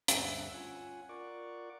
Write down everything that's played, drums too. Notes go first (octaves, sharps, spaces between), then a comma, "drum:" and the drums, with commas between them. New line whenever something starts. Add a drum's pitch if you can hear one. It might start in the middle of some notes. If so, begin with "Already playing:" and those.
D2 G2 C4 E5 F#5 E6, drum: hi-hat
C#4 F4 F#5 G#5
F4 A#4 D5 F#5 C#6 D6